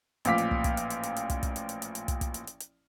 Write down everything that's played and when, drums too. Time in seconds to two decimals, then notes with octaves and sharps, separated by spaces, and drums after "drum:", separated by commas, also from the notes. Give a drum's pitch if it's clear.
0.25 A1 A#2 F3 F5 D6 B6, drum: hi-hat
0.38 drum: hi-hat
0.51 drum: kick
0.64 drum: kick, hi-hat
0.77 drum: hi-hat
0.90 drum: hi-hat
1.03 drum: hi-hat
1.16 drum: hi-hat
1.30 drum: kick, hi-hat
1.43 drum: kick, hi-hat
1.56 drum: hi-hat
1.69 drum: hi-hat
1.82 drum: hi-hat
1.95 drum: hi-hat
2.08 drum: kick, hi-hat
2.21 drum: kick, hi-hat
2.34 drum: hi-hat
2.47 drum: hi-hat
2.60 drum: hi-hat